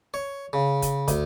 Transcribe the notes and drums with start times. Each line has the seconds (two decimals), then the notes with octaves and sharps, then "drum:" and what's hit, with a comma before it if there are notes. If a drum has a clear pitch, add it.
0.14 C#5
0.53 C#3
0.82 drum: kick, hi-hat
1.08 D2, drum: kick, hi-hat